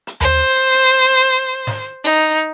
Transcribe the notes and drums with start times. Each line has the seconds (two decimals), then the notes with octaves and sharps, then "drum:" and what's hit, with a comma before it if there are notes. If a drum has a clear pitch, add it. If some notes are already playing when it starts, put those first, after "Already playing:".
0.07 drum: hi-hat
0.20 C5, drum: tom D#2
1.67 drum: snare
2.04 D#4